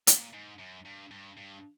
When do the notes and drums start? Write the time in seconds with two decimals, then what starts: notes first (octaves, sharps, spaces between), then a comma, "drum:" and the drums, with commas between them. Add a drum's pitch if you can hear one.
0.07 A#2, drum: hi-hat
0.34 G#2
0.59 F#2
0.86 G2
1.11 G2
1.37 G2